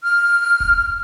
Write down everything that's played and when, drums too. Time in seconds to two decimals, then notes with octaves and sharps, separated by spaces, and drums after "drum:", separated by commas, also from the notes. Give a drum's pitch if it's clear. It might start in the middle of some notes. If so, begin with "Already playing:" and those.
0.03 F6
0.60 drum: kick D#1